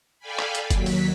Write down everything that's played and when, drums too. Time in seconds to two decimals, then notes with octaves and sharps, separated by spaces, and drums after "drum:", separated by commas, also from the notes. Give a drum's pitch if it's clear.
0.19 A4 D5 F5 G5 G#5 B5
0.39 drum: clap
0.55 drum: hi-hat
0.70 D#2 F#3 B6, drum: kick, hi-hat
0.86 drum: open hi-hat